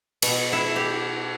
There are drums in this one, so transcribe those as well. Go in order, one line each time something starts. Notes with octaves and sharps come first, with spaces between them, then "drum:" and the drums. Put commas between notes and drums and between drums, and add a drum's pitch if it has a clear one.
B2, drum: cymbal
E4
G4